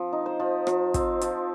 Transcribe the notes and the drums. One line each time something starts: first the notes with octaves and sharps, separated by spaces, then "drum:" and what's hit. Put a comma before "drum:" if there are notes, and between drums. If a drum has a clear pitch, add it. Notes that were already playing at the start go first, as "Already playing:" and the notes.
Already playing: F3 C4
D#4
C5
F3
F3, drum: rim click
C4, drum: kick, hi-hat
F3, drum: hi-hat